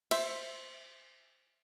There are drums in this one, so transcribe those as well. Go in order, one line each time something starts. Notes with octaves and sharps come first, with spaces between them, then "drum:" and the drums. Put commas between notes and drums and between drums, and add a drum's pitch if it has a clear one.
C5 E5, drum: cymbal